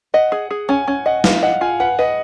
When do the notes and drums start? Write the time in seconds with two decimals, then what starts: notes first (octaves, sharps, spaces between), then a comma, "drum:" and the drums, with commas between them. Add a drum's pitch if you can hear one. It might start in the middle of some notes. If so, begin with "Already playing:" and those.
0.14 D#5 F#5
0.32 G#4
0.51 G#4
0.69 C#4 G#5
0.88 C#4 G#5
1.06 D#5 F#5
1.24 B4 F5, drum: snare
1.43 D#5 F#5
1.61 F4 G#5
1.80 B4 F#5
1.99 B4 D#5